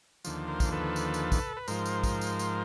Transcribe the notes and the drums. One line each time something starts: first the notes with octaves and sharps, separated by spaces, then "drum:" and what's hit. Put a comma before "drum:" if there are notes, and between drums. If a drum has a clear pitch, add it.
D#2 D3 F3, drum: tambourine
A#4 C5
drum: kick, tambourine
A4 B4
drum: tambourine
drum: tambourine
drum: kick, tambourine
B4
G#2 F3 A#4 C5, drum: tambourine
drum: tambourine
drum: kick, tambourine
drum: tambourine
drum: tambourine